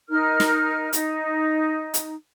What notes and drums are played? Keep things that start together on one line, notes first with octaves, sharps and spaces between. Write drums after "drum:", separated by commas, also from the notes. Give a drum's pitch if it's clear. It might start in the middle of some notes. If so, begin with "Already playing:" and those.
D#4 A#4 F6
drum: snare
D#4, drum: hi-hat
drum: hi-hat